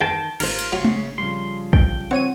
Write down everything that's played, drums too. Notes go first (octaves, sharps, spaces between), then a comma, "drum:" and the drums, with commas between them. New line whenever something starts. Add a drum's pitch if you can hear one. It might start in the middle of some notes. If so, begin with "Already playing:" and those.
E2 D#3 G5 A5
G#1 F4 G4 A#4 C5, drum: cymbal
drum: tambourine
C#3 F#3 F4
drum: tom G#3
C#3 F3 G3 C6
G5, drum: kick
C4 C#5 F#5 D#7